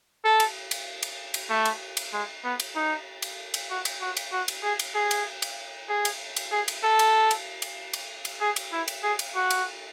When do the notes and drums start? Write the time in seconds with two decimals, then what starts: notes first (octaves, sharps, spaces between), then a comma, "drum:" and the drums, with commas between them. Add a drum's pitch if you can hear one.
0.24 A4
0.40 drum: cymbal
0.71 drum: cymbal
1.03 drum: cymbal
1.34 drum: cymbal
1.50 A3
1.65 drum: cymbal
1.97 drum: cymbal
2.13 G#3
2.44 B3
2.60 drum: cymbal
2.76 D#4
3.22 drum: cymbal
3.54 drum: cymbal
3.70 F#4
3.85 drum: cymbal
4.01 F#4
4.17 drum: cymbal
4.32 F#4
4.48 drum: cymbal
4.63 G#4
4.79 drum: cymbal
4.95 G#4
5.11 drum: cymbal
5.42 drum: cymbal
5.89 G#4
6.05 drum: cymbal
6.36 drum: cymbal
6.52 G#4
6.68 drum: cymbal
6.84 A4
6.99 drum: cymbal
7.31 drum: cymbal
7.62 drum: cymbal
7.93 drum: cymbal
8.25 drum: cymbal
8.41 G#4
8.56 drum: cymbal
8.72 E4
8.88 drum: cymbal
9.03 G#4
9.19 drum: cymbal
9.35 F#4
9.50 drum: cymbal